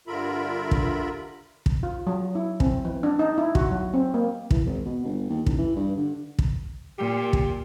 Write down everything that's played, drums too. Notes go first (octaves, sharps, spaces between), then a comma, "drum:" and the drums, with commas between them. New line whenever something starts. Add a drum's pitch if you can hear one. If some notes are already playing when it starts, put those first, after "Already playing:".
G2 D3 F4 A#4 E5 B5
drum: kick
drum: kick
F4
F#3
E4
C4, drum: kick
E3
D4
D#4
E4
F#4, drum: kick
F#3
C4
A#3
E3, drum: kick
G#1
B2
G1
D#2
A1, drum: kick
E3
G2
D3
drum: kick
A#2 G4
drum: kick